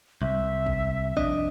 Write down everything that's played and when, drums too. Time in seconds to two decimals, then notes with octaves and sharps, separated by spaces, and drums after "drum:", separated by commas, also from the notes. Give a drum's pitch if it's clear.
0.22 C2 E5
0.66 drum: kick
1.17 F2 D4 D#5, drum: kick